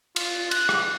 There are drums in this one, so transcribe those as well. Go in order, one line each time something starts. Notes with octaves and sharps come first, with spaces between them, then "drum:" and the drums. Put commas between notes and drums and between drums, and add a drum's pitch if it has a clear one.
F4, drum: cymbal
F#6, drum: cymbal
drum: rim click